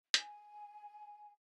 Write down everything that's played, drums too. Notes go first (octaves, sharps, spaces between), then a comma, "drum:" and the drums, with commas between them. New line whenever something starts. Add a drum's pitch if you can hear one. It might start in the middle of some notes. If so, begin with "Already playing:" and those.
G#5, drum: hi-hat